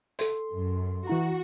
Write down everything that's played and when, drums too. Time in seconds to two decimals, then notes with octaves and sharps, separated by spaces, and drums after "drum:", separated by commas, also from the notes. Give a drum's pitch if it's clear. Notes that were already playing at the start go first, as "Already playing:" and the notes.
0.19 A4 C6, drum: hi-hat
0.53 F#2
1.07 E3 E4 F#4 A#5